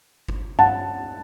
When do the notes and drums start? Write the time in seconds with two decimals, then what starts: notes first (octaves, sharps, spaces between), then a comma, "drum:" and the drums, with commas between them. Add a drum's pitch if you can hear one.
0.29 drum: kick G1
0.59 F#5 A5, drum: tom G2